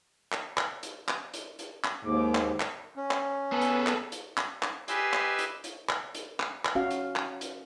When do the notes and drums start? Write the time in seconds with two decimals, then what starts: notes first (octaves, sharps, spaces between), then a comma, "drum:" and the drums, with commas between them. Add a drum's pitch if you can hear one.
0.32 drum: clap
0.58 drum: clap
0.83 drum: hi-hat
1.08 drum: clap
1.34 drum: hi-hat
1.59 drum: hi-hat
1.84 drum: clap
2.04 D#2 G#2 A#3 D6
2.35 drum: clap
2.60 drum: clap
2.96 C#4
3.11 drum: clap
3.52 B3 G#4 A4
3.61 drum: hi-hat
3.87 drum: clap
4.12 drum: hi-hat
4.37 drum: clap
4.63 drum: clap
4.88 G4 B4 D#5 G#5 C6 E6, drum: hi-hat
5.13 drum: clap
5.39 drum: hi-hat
5.64 drum: hi-hat
5.89 drum: clap
6.15 drum: hi-hat
6.40 drum: clap
6.65 drum: clap
6.75 C#4 F#4 F5
6.91 drum: hi-hat
7.16 drum: clap
7.41 drum: hi-hat